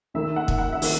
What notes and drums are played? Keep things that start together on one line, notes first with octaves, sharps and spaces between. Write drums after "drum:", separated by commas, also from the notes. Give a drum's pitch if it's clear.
D#2 D#3 A#3 E5
F#5
drum: kick
F#5
E5
D#3 A#3, drum: open hi-hat